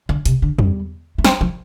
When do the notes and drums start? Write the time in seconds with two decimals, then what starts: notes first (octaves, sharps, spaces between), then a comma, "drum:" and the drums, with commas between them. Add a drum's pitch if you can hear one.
0.09 D3
0.25 C3, drum: hi-hat
0.42 D3
0.59 G3, drum: tom
1.18 A3
1.25 C4, drum: snare
1.41 F3